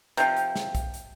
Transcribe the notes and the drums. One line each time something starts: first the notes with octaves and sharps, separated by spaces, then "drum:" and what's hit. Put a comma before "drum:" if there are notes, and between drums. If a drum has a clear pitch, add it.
C3 F3, drum: hi-hat
drum: hi-hat
drum: snare
drum: kick, hi-hat
drum: hi-hat